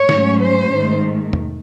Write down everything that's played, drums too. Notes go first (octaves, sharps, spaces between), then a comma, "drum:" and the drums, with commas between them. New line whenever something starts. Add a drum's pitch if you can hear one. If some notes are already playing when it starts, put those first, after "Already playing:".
Already playing: C#5
G#2 F#3 A3 C#4, drum: snare
C5
G#2 D#3 A3
drum: tom